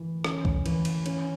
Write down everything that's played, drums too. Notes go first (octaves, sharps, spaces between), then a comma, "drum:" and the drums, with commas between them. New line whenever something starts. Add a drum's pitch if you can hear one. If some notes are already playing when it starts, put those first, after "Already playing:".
Already playing: E3
C#4, drum: rim click
drum: kick C2
E3, drum: cymbal
drum: cymbal
C#4, drum: cymbal